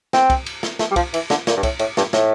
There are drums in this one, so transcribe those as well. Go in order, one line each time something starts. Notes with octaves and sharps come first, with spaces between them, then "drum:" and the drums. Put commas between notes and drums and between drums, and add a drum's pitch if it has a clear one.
C4, drum: snare
drum: kick C2, cymbal
drum: cymbal
drum: snare
A3, drum: snare
G3
F3, drum: kick C2, cymbal
E3, drum: cymbal
D3, drum: snare
A#2, drum: snare
G2
A2, drum: kick C2, cymbal
A2, drum: cymbal
G2, drum: snare
A2, drum: snare